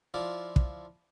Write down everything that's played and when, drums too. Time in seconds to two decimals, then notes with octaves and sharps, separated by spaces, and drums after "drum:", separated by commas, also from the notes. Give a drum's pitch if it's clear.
0.14 F3 E4 F4 D5
0.56 drum: kick